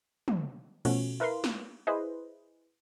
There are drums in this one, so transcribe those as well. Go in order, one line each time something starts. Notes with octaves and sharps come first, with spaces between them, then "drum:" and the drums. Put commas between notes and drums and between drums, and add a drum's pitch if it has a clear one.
drum: tom
B2 F3 A3 C#4 F#4, drum: cymbal
E4 A#4 B4 F5 C6
drum: snare
E4 G#4 B4 C5 D#5